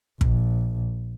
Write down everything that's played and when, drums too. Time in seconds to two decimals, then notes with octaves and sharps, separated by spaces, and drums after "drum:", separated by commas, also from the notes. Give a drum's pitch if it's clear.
0.21 A#1, drum: kick